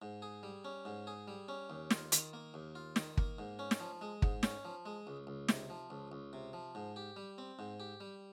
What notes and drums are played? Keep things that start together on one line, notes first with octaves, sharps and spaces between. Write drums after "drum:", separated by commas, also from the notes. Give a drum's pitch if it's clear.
G#2
G#4
G3
C#4
G#2
G#4
G3
C#4
D#2
F4, drum: snare
D#3, drum: hi-hat
A#3
D#2
F4
D#3, drum: snare
A#3, drum: kick
G#2
C#4
drum: snare
F3
G#3
G#2, drum: kick
C#4, drum: snare
F3
G#3
C#2
C#2
C3, drum: snare
F3
C#2
C#2
C3
F3
G#2
G4
G3
C4
G#2
G4
G3